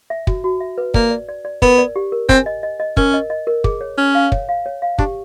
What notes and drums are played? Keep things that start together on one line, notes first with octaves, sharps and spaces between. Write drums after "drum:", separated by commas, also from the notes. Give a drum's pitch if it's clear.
E5
F#4, drum: kick
F#4
E5
B4
A#3 D5, drum: kick
D5
D5
D5
B3 A#4, drum: kick
D5
G4
A#4
C4 G#5, drum: kick
D#5
D#5
D#5
C#4 A#4, drum: kick
D#5
D#5
A#4
G#4, drum: kick
C#5
C#4 C#5
F5
C#5, drum: kick
F5
C#5
F5
D4 G4, drum: kick